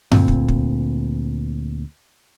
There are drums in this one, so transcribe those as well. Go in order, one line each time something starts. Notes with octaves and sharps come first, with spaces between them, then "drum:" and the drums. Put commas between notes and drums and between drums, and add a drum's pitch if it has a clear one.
D2 A#2 C4, drum: tom F#2
drum: kick
drum: kick